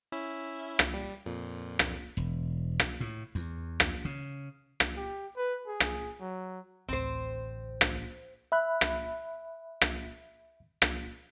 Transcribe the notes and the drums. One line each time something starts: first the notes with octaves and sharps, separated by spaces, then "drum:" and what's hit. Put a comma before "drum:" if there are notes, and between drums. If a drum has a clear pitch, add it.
C#4 E4 E5
drum: rim click
G3
F2 A#2
drum: rim click
E1
drum: rim click
A2
E2
drum: rim click
C#3
drum: rim click
G4
B4
G#4
drum: rim click
F#3
A1 D2 C4 C5
drum: rim click
E5 B5 F#6
drum: rim click
drum: rim click
drum: rim click